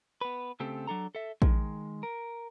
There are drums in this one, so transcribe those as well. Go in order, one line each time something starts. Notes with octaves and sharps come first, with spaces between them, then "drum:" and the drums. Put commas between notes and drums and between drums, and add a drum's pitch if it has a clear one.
B3 B4
C#3 A3 C4 G4 A4
F#3 D4 A4 A#5
A4 E5
D#3 G#3, drum: kick A#1
A#4